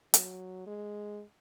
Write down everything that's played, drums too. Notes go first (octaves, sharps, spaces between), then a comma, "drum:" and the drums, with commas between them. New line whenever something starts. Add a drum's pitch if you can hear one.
F#3, drum: hi-hat
G#3